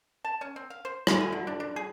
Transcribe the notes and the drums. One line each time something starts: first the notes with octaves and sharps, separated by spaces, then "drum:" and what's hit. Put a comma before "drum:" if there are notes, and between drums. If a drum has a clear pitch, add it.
A5
C#4
C4
F5
C5
C6, drum: rim click
G#5
D3
D4
D4
G#4